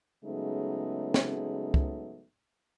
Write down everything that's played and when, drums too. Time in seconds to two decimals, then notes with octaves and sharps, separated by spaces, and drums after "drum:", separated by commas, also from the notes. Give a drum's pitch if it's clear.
0.25 C#3 F#3 G#3 A3 B3 D#4
1.14 drum: snare
1.74 drum: kick C#2